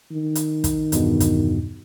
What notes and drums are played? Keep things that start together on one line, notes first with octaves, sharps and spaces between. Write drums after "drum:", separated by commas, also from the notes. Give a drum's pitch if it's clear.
D#3
drum: hi-hat
drum: kick, hi-hat
E2 G2 B2, drum: hi-hat
drum: kick, hi-hat